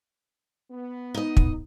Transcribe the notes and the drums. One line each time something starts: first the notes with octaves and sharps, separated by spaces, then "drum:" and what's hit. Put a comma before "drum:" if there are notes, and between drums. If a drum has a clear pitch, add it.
B3
D#4 D#5
drum: kick